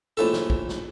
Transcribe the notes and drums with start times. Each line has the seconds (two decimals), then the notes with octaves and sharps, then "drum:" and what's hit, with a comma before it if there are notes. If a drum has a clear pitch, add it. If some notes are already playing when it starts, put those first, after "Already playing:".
0.17 A#1 A2 A4
0.34 drum: snare
0.50 drum: kick
0.69 drum: snare